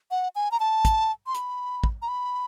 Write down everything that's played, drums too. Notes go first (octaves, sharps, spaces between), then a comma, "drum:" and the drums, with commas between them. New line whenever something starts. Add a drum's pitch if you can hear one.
F#5
G#5
A#5
A5
drum: kick, hi-hat
C6
B5, drum: hi-hat
drum: kick
A#5
B5